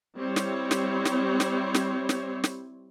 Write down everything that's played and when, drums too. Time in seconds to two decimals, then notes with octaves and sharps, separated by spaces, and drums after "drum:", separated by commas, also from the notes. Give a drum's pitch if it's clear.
0.19 G3 C4 E4 C5 C#5
0.36 drum: snare
0.71 drum: snare
1.05 drum: snare
1.40 drum: snare
1.74 drum: snare
2.09 drum: snare
2.44 drum: snare